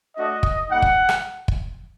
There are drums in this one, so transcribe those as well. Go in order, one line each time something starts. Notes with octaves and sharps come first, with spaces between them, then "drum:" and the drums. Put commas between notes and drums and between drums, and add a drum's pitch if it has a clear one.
A3 D4 F#4 D#5
drum: kick
G3 A#3 D#4 F#5
drum: kick
drum: rim click
drum: kick